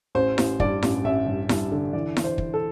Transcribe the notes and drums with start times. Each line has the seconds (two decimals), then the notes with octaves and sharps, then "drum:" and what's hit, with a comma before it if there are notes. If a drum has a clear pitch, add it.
0.15 A1 C5
0.38 A1, drum: snare E4
0.60 G2 D5, drum: kick
0.83 A1, drum: snare E4
1.04 A1 E5
1.26 G2
1.49 G2, drum: snare E4
1.72 D3
1.93 E3 D5
2.17 E3, drum: snare E4
2.24 C5
2.38 E3, drum: kick
2.54 A4